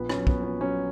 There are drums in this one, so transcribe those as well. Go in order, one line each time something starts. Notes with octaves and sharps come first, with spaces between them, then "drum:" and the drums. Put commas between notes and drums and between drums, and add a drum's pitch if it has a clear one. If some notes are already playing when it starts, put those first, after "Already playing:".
Already playing: A#1 B3
C#4, drum: rim click
F#3
B3, drum: kick
A#1
B3
F#3 C#4